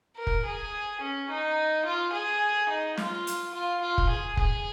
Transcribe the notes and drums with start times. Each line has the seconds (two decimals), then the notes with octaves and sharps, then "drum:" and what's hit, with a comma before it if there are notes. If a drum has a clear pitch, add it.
0.17 A#4
0.27 drum: kick F1
0.45 G#4
1.01 C#4
1.29 D#4
1.85 F4
2.13 G#4
2.69 D#4
2.98 F4, drum: snare
3.27 drum: hi-hat
3.54 F4
3.81 F4
3.98 drum: kick F1
4.09 G#4
4.37 G#4, drum: kick F1